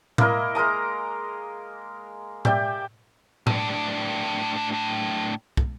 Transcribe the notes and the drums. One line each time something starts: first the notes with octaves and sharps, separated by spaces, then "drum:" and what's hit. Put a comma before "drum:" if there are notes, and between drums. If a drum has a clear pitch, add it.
A#3 E4 A#4 D#5, drum: tom A2
G#3 A#4 A#5 D#6
G4 D5 E5 G5, drum: tom A2
A2 D4, drum: tom A2
drum: kick